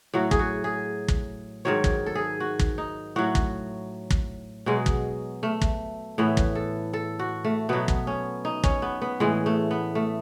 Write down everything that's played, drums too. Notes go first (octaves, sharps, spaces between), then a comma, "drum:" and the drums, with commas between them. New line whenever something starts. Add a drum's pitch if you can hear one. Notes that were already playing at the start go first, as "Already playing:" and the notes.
A2 F#3 F#4
G#4, drum: kick
F#4
G#4
drum: kick
G#2 D#3 F#3 C#5
drum: kick
A4
G#4
F#4
drum: kick
D#4
A2 F#3 F#4
drum: kick
drum: kick
B2 F#3 G#3
drum: kick
A3
drum: kick
A2 E3 B3
drum: kick
A4
A4
F#4
A3
B2 F#3 B3
drum: kick
C#4
D#4
C#4, drum: kick
B3
B3
A2 E3 G#3
A3
B3
A3